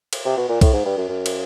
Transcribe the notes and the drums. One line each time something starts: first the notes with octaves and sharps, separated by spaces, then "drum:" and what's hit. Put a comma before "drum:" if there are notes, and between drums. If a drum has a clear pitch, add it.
drum: cymbal
C3
B2
A#2
A2, drum: kick C2, cymbal
G#2
G2
F#2
F#2
drum: cymbal